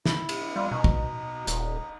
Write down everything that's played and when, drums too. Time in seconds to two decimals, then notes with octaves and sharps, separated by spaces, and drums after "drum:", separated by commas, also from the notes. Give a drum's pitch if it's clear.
0.05 E4, drum: snare
0.29 drum: cymbal
0.56 G3 F4
0.71 B2 D#4
0.84 drum: kick
1.47 D#1, drum: hi-hat